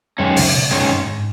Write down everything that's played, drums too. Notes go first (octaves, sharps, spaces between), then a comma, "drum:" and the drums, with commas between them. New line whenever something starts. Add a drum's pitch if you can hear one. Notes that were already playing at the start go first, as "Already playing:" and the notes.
F#2 D#3 F#3 G#3 C#4
C#2 C#3, drum: open hi-hat
B2
F#2 D#3 G#3 C#4
G2
G#2